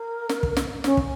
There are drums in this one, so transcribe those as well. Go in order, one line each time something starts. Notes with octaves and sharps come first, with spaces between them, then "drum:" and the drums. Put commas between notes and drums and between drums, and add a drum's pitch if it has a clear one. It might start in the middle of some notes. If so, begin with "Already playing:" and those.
Already playing: A#4
drum: snare
drum: kick
drum: snare
C#4, drum: snare
drum: kick